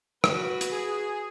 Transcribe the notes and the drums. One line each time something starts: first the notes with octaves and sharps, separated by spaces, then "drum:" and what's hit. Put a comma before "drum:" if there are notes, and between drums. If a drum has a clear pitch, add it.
F#4 B4, drum: rim click
drum: hi-hat
G#4